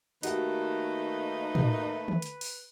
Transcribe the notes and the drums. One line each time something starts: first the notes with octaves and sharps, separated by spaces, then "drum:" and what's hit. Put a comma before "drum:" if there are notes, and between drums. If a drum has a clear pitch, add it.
D#3 A3 A#3 D#4 F#4 G4 B4 F#5, drum: hi-hat
drum: tom
drum: tom
drum: hi-hat
drum: open hi-hat